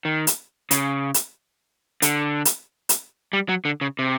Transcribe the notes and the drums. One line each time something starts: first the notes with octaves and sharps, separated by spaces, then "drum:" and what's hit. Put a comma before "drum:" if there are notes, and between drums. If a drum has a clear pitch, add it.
D#3
drum: hi-hat
C#3, drum: hi-hat
drum: hi-hat
D3, drum: hi-hat
drum: hi-hat
drum: hi-hat
G3
F#3
D3
C#3
C3